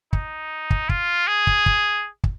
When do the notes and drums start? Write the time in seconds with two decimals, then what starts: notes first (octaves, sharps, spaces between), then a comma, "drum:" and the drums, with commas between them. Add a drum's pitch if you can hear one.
0.13 D#4, drum: kick
0.70 drum: kick
0.89 F4, drum: kick
1.27 G#4
1.47 drum: kick
1.66 drum: kick
2.24 drum: kick